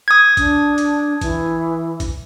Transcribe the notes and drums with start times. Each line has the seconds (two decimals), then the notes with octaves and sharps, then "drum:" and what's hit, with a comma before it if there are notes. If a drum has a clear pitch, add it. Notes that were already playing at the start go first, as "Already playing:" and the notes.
0.08 D#6 G#6
0.37 D4, drum: kick, hi-hat
0.78 drum: hi-hat
1.21 E3, drum: kick, hi-hat
2.00 drum: kick, hi-hat